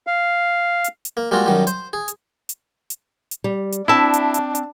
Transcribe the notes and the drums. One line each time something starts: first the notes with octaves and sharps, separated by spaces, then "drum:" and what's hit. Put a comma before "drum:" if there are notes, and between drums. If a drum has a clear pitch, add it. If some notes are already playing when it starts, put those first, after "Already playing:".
F5
drum: hi-hat
drum: hi-hat
A#3
G3 G#3 A#3 F4 F#4
F#2 D#3 F#3 G3
C5, drum: hi-hat
G#4
drum: hi-hat
drum: hi-hat
drum: hi-hat
drum: hi-hat
G3
drum: hi-hat
C4 D4 E4 E5 A5
drum: hi-hat
drum: hi-hat
drum: hi-hat